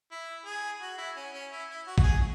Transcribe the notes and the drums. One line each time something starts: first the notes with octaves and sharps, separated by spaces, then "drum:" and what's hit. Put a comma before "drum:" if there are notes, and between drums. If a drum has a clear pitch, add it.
E4
G#4
F#4
E4
C#4
C#4
E4
E4
F#4
F#4, drum: kick A1
G#4